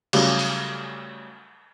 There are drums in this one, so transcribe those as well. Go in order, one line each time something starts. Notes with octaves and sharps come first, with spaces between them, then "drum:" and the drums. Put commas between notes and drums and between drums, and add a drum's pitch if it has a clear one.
C#3 F#3 G3 A3, drum: cymbal
drum: open hi-hat